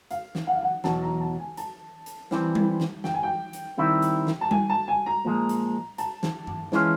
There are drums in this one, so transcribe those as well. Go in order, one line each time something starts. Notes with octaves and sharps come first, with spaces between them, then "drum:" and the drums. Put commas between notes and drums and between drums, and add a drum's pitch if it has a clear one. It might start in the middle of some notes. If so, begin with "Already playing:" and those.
F5, drum: hi-hat
drum: snare
F#5
F5
F#5
E2 B2 F#3 A5, drum: snare
A#5
A5
G#5
A5, drum: hi-hat
drum: hi-hat
E3 G3 C4, drum: snare
drum: tom G3
drum: snare
G5, drum: snare
G#5
G5
drum: hi-hat
C3 D#3 G3 C4 E4
drum: hi-hat
drum: snare
A5
G#5, drum: tom G3
A5
G#5
A#5
A#2 F3 G#3
drum: hi-hat
A5, drum: hi-hat
drum: snare
drum: tom G2
E3 G#3 C#4 F4, drum: snare